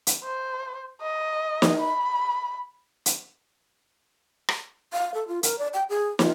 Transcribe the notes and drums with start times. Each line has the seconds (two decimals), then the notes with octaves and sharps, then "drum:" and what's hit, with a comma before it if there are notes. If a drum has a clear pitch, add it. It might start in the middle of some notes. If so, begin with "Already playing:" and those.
0.07 drum: hi-hat
0.24 C5
1.02 D#5
1.62 drum: snare
1.79 B5
3.06 drum: hi-hat
4.49 drum: rim click
4.93 F5
5.14 A4
5.28 F4
5.43 A#4, drum: hi-hat
5.58 D5
5.74 G5
5.89 G#4
6.19 F4, drum: snare